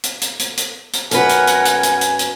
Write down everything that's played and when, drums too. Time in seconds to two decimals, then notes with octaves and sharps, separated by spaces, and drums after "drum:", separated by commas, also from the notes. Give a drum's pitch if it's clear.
0.04 drum: hi-hat
0.21 drum: hi-hat
0.39 drum: hi-hat
0.57 drum: hi-hat
0.93 drum: hi-hat
1.11 F#2 A#4 B4 F#5 G#5, drum: hi-hat
1.29 drum: hi-hat
1.47 drum: hi-hat
1.65 drum: hi-hat
1.83 drum: hi-hat
2.01 drum: hi-hat
2.19 drum: hi-hat